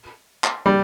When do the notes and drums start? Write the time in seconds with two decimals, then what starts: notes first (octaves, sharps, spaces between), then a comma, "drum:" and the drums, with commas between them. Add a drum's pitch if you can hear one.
0.44 drum: clap
0.66 G3